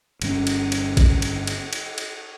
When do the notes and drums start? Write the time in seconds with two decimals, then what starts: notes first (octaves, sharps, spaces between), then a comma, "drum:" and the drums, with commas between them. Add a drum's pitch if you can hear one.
0.22 G1 G3 C#4, drum: cymbal
0.47 drum: cymbal
0.72 drum: cymbal
0.97 drum: kick, cymbal
1.22 drum: cymbal
1.47 drum: cymbal
1.73 drum: cymbal
1.98 drum: cymbal